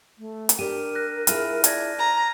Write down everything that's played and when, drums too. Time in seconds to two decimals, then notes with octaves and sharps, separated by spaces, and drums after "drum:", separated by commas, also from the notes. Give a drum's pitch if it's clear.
0.18 A3
0.49 drum: hi-hat
0.59 D4 G4 A#4 D#7
0.95 F#6 A#6
1.27 E4 F4 G#4 F6 D#7, drum: hi-hat
1.64 D5 A5 G#6 A#6, drum: hi-hat
1.99 A#5